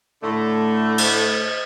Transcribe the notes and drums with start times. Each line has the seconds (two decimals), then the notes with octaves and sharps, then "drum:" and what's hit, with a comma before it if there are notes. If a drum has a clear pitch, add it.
0.22 A2 D3 A3
0.98 drum: cymbal